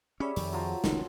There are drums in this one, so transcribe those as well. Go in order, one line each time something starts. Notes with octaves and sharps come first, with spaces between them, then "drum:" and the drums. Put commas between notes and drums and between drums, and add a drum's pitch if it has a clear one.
G3 C#4 G#4 C#5 E5
F2 D#3, drum: open hi-hat
F3 F#3
F1 C#2 D#3, drum: snare